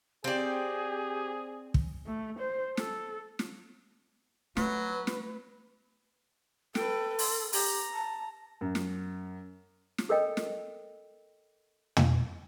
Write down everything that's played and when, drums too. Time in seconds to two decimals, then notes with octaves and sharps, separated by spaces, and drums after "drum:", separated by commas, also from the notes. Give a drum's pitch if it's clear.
0.24 C4 G4 G#4 D5
1.74 drum: kick
2.07 A3
2.39 C5
2.77 A4, drum: snare
3.39 drum: snare
4.57 F#3 A3 B4, drum: snare
5.07 drum: snare
6.75 A4 B4 G5, drum: snare
7.19 C6, drum: open hi-hat
7.53 G4 A#5, drum: open hi-hat
7.94 A5
8.61 F#2
8.75 drum: snare
9.98 drum: snare
10.09 A4 A#4 C#5 D#5 G5
10.37 drum: snare
11.97 drum: tom